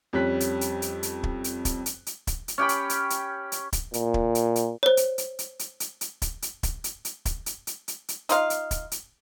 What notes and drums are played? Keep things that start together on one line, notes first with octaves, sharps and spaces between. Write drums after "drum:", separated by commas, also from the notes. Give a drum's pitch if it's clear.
F2 G3 C#4 F#6 B6
drum: hi-hat
drum: hi-hat
drum: hi-hat
drum: hi-hat
drum: kick
drum: hi-hat
drum: kick, hi-hat
drum: hi-hat
drum: hi-hat
drum: kick, hi-hat
drum: hi-hat
C#4 G4 G5 B5
drum: hi-hat
drum: hi-hat
drum: hi-hat
drum: hi-hat
drum: kick, hi-hat
A#2, drum: hi-hat
drum: kick
drum: hi-hat
drum: hi-hat
C5 C#5
drum: hi-hat
drum: hi-hat
drum: hi-hat
drum: hi-hat
drum: hi-hat
drum: hi-hat
drum: kick, hi-hat
drum: hi-hat
drum: kick, hi-hat
drum: hi-hat
drum: hi-hat
drum: kick, hi-hat
drum: hi-hat
drum: hi-hat
drum: hi-hat
drum: hi-hat
D#4 F4 F5, drum: hi-hat
drum: hi-hat
drum: kick, hi-hat
drum: hi-hat